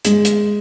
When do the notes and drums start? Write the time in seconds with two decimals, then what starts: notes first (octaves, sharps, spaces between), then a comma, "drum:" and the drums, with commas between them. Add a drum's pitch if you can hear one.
0.05 G#3, drum: hi-hat
0.25 drum: hi-hat